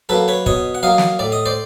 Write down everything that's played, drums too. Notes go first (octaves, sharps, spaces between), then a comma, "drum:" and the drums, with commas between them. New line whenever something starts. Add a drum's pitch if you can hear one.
F#3 A#3 A4 B4
B4 C#5
B2 C#5 D#5, drum: kick
F#5
F#3 A#3 D#5 F5
drum: snare
A2 D5
D#5
C5 D5